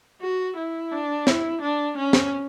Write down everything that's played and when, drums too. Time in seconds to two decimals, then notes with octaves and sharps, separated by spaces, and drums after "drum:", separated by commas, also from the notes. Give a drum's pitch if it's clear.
0.22 F#4
0.57 E4
0.92 D4
1.27 E4, drum: snare
1.62 D4
1.98 C#4
2.13 drum: snare